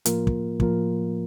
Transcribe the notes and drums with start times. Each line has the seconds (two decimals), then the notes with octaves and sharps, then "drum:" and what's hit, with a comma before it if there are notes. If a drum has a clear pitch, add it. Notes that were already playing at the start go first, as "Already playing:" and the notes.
0.06 A2 F3 A#3 F4 A#4, drum: hi-hat
0.27 drum: kick
0.60 A2 F3 A#3 F4 A#4, drum: kick